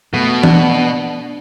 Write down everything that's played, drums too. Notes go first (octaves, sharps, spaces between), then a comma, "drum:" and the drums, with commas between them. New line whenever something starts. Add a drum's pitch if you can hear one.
B2 A3
D4, drum: tom E3